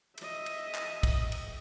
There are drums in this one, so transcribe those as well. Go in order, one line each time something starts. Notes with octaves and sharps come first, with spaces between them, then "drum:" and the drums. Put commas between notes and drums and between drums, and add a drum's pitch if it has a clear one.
D#5 E5, drum: cymbal
drum: cymbal
drum: clap
drum: kick, cymbal
drum: cymbal